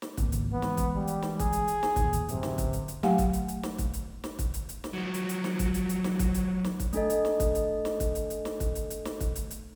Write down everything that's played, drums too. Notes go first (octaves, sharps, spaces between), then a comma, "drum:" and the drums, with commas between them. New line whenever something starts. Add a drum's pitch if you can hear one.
drum: snare
G#1 C#2 A#3, drum: kick, hi-hat
drum: hi-hat
E3 G#3 B3
drum: snare
drum: kick, hi-hat
G3
drum: hi-hat
drum: snare
G#4, drum: kick, hi-hat
drum: hi-hat
drum: hi-hat
drum: snare
A1 D#2 D3, drum: kick, hi-hat
drum: hi-hat
D1 F#2 C3, drum: hi-hat
drum: snare
drum: kick, hi-hat
drum: hi-hat
drum: hi-hat
F#3 A3 G4 F5 F#5 G#5, drum: snare
drum: kick, hi-hat
drum: hi-hat
drum: hi-hat
drum: snare
drum: kick, hi-hat
drum: hi-hat
drum: snare
drum: kick, hi-hat
drum: hi-hat
drum: hi-hat
drum: snare
F3 F#3
drum: hi-hat
drum: hi-hat
drum: snare
drum: kick, hi-hat
drum: hi-hat
drum: hi-hat
drum: snare
drum: kick, hi-hat
drum: hi-hat
drum: snare
drum: kick, hi-hat
A3 D4 A4 D#5, drum: hi-hat
drum: hi-hat
drum: snare
drum: kick, hi-hat
drum: hi-hat
drum: snare
drum: kick, hi-hat
drum: hi-hat
drum: hi-hat
drum: snare
drum: kick, hi-hat
drum: hi-hat
drum: hi-hat
drum: snare
drum: kick, hi-hat
drum: hi-hat
drum: hi-hat